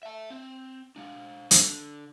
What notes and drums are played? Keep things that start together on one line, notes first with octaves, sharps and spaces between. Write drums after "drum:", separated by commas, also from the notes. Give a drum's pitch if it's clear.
E5 A5
C4
G#3 D4
D3, drum: hi-hat